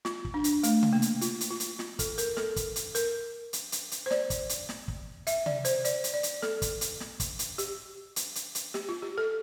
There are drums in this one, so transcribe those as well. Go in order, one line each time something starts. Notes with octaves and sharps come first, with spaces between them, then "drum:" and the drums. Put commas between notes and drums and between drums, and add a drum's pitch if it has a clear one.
F4, drum: snare
drum: kick
D4
drum: hi-hat
A3, drum: hi-hat
drum: tom C3
A#3
drum: hi-hat
F4, drum: hi-hat
drum: hi-hat
F4
drum: hi-hat
F4, drum: snare
A4, drum: kick, hi-hat
A#4, drum: hi-hat
A4, drum: snare
drum: kick, hi-hat
drum: hi-hat
A#4, drum: hi-hat
drum: hi-hat
drum: hi-hat
drum: hi-hat
C5
D5, drum: snare
drum: kick, hi-hat
drum: hi-hat
drum: snare
drum: kick
E5, drum: hi-hat
D5, drum: tom C3
C5, drum: hi-hat
D5, drum: hi-hat
drum: hi-hat
D5
drum: hi-hat
A4, drum: snare
drum: kick, hi-hat
drum: hi-hat
drum: snare
drum: kick, hi-hat
drum: hi-hat
G4, drum: hi-hat
drum: hi-hat
drum: hi-hat
drum: hi-hat
G4, drum: snare
F4
G4
A4